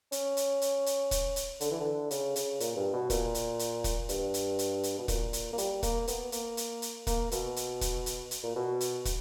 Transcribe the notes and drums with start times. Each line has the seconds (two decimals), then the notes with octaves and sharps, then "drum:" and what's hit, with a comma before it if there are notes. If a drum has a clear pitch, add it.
0.12 C#4, drum: hi-hat
0.37 drum: hi-hat
0.62 drum: hi-hat
0.86 drum: hi-hat
1.11 drum: kick, hi-hat
1.36 drum: hi-hat
1.61 D3, drum: hi-hat
1.71 E3
1.81 D3
2.11 C#3, drum: hi-hat
2.36 C#3, drum: hi-hat
2.60 A#2, drum: hi-hat
2.76 G2
2.93 B2
3.10 A#2, drum: kick, hi-hat
3.35 drum: hi-hat
3.59 drum: hi-hat
3.84 drum: kick, hi-hat
4.09 G2, drum: hi-hat
4.34 drum: hi-hat
4.59 drum: hi-hat
4.83 drum: hi-hat
4.99 B2
5.08 A#2, drum: kick, hi-hat
5.33 drum: hi-hat
5.53 A#3
5.58 G3, drum: hi-hat
5.83 A#3, drum: kick, hi-hat
6.08 B3, drum: hi-hat
6.32 A#3, drum: hi-hat
6.57 drum: hi-hat
6.82 drum: hi-hat
7.07 A#3, drum: kick, hi-hat
7.32 B2, drum: hi-hat
7.56 drum: hi-hat
7.81 drum: kick, hi-hat
8.06 drum: hi-hat
8.31 drum: hi-hat
8.44 A#2
8.56 B2
8.81 drum: hi-hat
9.05 drum: kick, hi-hat